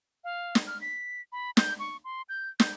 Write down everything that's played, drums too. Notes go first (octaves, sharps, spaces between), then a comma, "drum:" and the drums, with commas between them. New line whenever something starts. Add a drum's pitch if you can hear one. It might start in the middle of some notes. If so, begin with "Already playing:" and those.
F5
drum: snare
F6
B6
B5
G6, drum: snare
C#6
C6
G6
G6, drum: snare